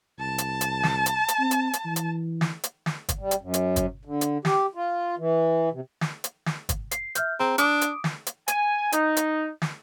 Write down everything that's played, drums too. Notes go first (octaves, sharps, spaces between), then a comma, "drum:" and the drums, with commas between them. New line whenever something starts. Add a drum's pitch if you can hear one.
C2 A5
drum: hi-hat
drum: hi-hat
drum: snare
drum: hi-hat
drum: hi-hat
C4
drum: hi-hat
drum: hi-hat
E3
drum: hi-hat
drum: snare
drum: hi-hat
drum: snare
drum: kick, hi-hat
G3
drum: hi-hat
F#2
drum: hi-hat
drum: kick, hi-hat
D3
drum: hi-hat
G4, drum: snare
F4
E3
C3
drum: snare
drum: hi-hat
drum: snare
drum: kick, hi-hat
C7, drum: hi-hat
E5 F6 G6, drum: hi-hat
C4 G#4 A#5 C6
D4 D6 D#6 D7, drum: hi-hat
drum: hi-hat
drum: snare
drum: hi-hat
G#5, drum: hi-hat
D#4, drum: hi-hat
drum: hi-hat
drum: snare